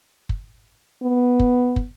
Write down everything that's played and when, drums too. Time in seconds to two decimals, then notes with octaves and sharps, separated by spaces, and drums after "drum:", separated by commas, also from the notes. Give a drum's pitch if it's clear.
0.29 drum: kick
1.03 B3
1.39 drum: kick
1.76 drum: kick